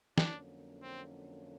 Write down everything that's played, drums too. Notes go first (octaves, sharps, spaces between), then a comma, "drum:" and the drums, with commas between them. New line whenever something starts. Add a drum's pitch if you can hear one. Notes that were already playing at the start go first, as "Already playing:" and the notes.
F2 D3 F#3 A#3 C#4 D4, drum: snare
C4